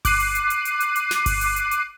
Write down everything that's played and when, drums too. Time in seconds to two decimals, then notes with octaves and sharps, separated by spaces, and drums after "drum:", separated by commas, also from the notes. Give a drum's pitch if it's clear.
0.05 D6 F#6 C7 D#7, drum: kick G1, open hi-hat
0.20 drum: hi-hat
0.35 drum: hi-hat
0.50 drum: hi-hat
0.65 drum: hi-hat
0.80 drum: hi-hat
0.96 drum: hi-hat
1.11 drum: snare
1.26 drum: kick G1, open hi-hat
1.41 drum: hi-hat
1.56 drum: hi-hat
1.71 drum: hi-hat